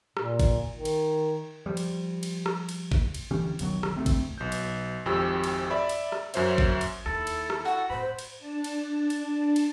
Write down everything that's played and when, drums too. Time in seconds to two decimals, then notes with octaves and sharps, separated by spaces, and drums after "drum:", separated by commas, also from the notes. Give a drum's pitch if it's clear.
0.17 A#2, drum: rim click
0.40 drum: kick A1, cymbal
0.72 D#3
0.85 drum: cymbal
1.66 F3 G3
1.77 drum: cymbal
2.23 drum: cymbal
2.46 drum: rim click
2.69 drum: cymbal
2.92 drum: kick A1
3.14 drum: cymbal
3.31 D2 E3 G3 C#4
3.59 E1 B1 D#3 F#3, drum: cymbal
3.83 drum: rim click
3.96 D2 A3 C4
4.06 drum: kick A1, cymbal
4.38 B1 G6
4.52 drum: cymbal
5.05 G#1 F2 G4 E6
5.44 drum: cymbal
5.70 D5 E5 B5
5.89 drum: cymbal
6.12 drum: rim click
6.34 F#2 F#4 C5 C#5 E5, drum: cymbal
6.58 drum: kick A1
6.81 drum: cymbal
7.06 D#2 E4 A4
7.27 drum: cymbal
7.50 drum: rim click
7.65 F#4 F#5
7.90 A2 C5 B5
8.19 drum: cymbal
8.39 D4 A5
8.64 drum: cymbal
9.10 drum: cymbal
9.56 drum: cymbal